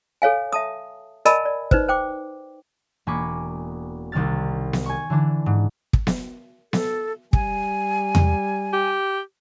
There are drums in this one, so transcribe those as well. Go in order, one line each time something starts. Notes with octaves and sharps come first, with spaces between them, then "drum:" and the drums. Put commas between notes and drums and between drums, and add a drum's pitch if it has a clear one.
A4 C#5 F5 G#5
E5 A5 D#6
A#4 D5 D#5 G#5 A5 B5, drum: hi-hat
D5
D#4 B4 C5, drum: kick
C5 G5 D6
E1 A#3 G#5 B5 C#6 D6
C2 C3 D#3 F6 A6
drum: snare B3
G#5 C#6
D3 E3 D4
G#2
drum: kick
drum: snare B3
A4, drum: snare B3
G3 G#5, drum: kick
drum: tom E2
G4